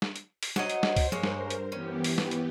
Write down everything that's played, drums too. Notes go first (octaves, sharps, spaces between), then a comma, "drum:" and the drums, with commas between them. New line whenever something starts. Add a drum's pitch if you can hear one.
drum: snare
drum: hi-hat
drum: open hi-hat
F#3 C5 C#5 D#5, drum: snare
drum: hi-hat
drum: snare
drum: kick, open hi-hat
G2 G#3 A#3 A#4 C5 C#5, drum: tom F3
drum: snare
drum: hi-hat
E3 B3 C#4 G4
drum: open hi-hat
drum: snare
drum: hi-hat